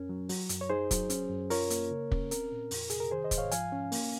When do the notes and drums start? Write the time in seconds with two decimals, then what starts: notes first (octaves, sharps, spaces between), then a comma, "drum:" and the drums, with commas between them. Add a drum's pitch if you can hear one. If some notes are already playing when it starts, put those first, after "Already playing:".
Already playing: F#2 C#4 A#4
0.09 F#3
0.29 F#3, drum: open hi-hat
0.49 F#2, drum: hi-hat
0.61 C#5
0.69 D#4 G#4 C5
0.91 F#3, drum: kick, hi-hat
1.10 C#4, drum: hi-hat
1.30 F#2
1.50 F4 A#4 C#5, drum: open hi-hat
1.70 A#3, drum: hi-hat
1.90 C#3
2.11 C#4, drum: kick
2.31 C4 A#4, drum: hi-hat
2.52 A#2
2.71 F2, drum: open hi-hat
2.90 C3 G#4, drum: hi-hat
3.00 A#4
3.11 D#3 G#4 C5
3.24 C5 D#5
3.31 G#2, drum: kick, hi-hat
3.38 C#5 F5
3.51 F3 F5 G#5, drum: hi-hat
3.72 C#4
3.92 A#3, drum: open hi-hat